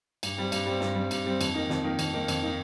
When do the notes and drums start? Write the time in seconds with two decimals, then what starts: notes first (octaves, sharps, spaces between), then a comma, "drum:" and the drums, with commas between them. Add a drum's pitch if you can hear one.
0.23 G2, drum: cymbal
0.37 G3 C4
0.52 G2, drum: cymbal
0.66 G3 C4
0.81 G2, drum: snare
0.95 G3 C4
1.11 G2, drum: cymbal
1.26 G3 C4
1.41 F2, drum: cymbal
1.54 D#3 A#3 D#4
1.70 F2, drum: snare
1.84 D#3 A#3 D#4
1.99 F2, drum: cymbal
2.14 D#3 A#3 D#4
2.28 F2, drum: cymbal
2.42 D#3 A#3 D#4